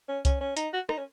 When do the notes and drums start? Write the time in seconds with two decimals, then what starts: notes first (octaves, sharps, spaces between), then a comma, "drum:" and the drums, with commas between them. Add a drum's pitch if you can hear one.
0.09 C#4
0.25 C#4, drum: kick C2, hi-hat
0.41 C#4
0.57 D#4, drum: hi-hat
0.73 F#4
0.89 D#4, drum: rim click
0.98 C#4